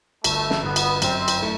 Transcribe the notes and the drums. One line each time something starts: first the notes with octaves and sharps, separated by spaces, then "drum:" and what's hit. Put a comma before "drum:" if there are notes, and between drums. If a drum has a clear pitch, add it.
G1 A3, drum: cymbal
drum: snare
G2 D3 B3
drum: cymbal
F#2 C4, drum: cymbal
drum: cymbal
A3 E4